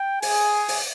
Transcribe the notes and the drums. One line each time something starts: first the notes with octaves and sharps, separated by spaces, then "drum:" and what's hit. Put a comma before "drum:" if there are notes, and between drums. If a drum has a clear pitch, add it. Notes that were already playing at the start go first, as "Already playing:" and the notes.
Already playing: G5
G#4 G#5, drum: open hi-hat
drum: open hi-hat